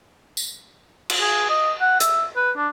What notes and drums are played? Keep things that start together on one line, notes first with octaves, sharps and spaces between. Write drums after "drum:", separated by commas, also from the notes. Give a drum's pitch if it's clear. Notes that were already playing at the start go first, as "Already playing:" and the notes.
drum: tambourine
drum: cymbal
G#4
D#5
F#5
E5, drum: hi-hat
B4
D4